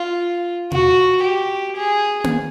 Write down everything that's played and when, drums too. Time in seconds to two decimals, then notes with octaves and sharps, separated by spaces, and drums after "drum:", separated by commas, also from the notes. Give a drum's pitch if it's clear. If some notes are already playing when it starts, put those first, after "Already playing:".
Already playing: F4
0.72 F#4, drum: tom B2
1.23 G4
1.76 G#4
2.24 drum: tom A#3